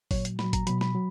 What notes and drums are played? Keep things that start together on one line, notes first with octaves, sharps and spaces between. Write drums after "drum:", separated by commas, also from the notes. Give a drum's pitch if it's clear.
A#2 F#3 C#5, drum: kick G#1, open hi-hat
drum: hi-hat
A#2 F#3 B5, drum: snare
A#5, drum: kick G#1, hi-hat
B2 F#3 B5, drum: hi-hat
B5, drum: snare
F#3